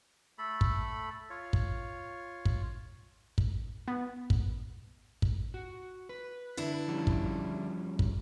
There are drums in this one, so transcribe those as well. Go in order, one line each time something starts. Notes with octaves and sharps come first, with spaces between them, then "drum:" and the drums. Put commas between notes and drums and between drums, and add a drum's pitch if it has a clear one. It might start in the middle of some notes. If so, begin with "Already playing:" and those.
A3 A4 B5
drum: kick
F4 C#5
drum: kick
drum: kick
drum: kick
B3
drum: kick
drum: kick
F#4
B4
D3 D4 E4
F3 G3 C#4
drum: kick
drum: kick